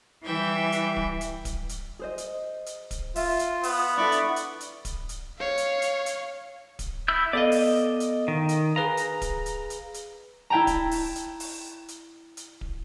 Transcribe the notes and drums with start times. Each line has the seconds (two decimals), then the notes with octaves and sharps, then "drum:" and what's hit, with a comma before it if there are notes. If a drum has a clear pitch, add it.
0.24 E3 G3 E5 G5
0.72 drum: hi-hat
0.97 drum: kick D1
1.21 drum: hi-hat
1.45 drum: kick D1, hi-hat
1.69 drum: hi-hat
1.99 G#4 C5 D#5
2.18 drum: hi-hat
2.66 drum: hi-hat
2.91 drum: kick D1, hi-hat
3.16 F4 E5, drum: open hi-hat
3.39 drum: hi-hat
3.63 B3, drum: open hi-hat
3.97 D4 E4 A4 D5 B5 C#6
4.12 drum: hi-hat
4.36 drum: hi-hat
4.60 drum: hi-hat
4.85 drum: kick D1, hi-hat
5.09 drum: hi-hat
5.38 C#5 F5
5.58 drum: hi-hat
5.82 drum: hi-hat
6.06 drum: hi-hat
6.79 drum: kick D1, hi-hat
7.08 E4 E6 G6
7.33 B3 A4 D5 D#5 F5
7.52 drum: open hi-hat
8.00 drum: hi-hat
8.28 D#3
8.49 drum: hi-hat
8.76 G#4 B4 F5 A#5
8.97 drum: hi-hat
9.22 drum: kick D1, hi-hat
9.46 drum: hi-hat
9.70 drum: hi-hat
9.94 drum: hi-hat
10.50 E4 E5 G5 A5 A#5
10.67 drum: kick D1, hi-hat
10.91 drum: open hi-hat
11.16 drum: hi-hat
11.40 drum: open hi-hat
11.88 drum: hi-hat
12.37 drum: hi-hat
12.61 drum: kick D1